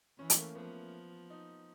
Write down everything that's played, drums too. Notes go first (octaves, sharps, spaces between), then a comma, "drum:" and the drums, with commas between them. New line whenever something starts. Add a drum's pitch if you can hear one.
E3 C#4
A3, drum: hi-hat
A#3
F3 B3
D#4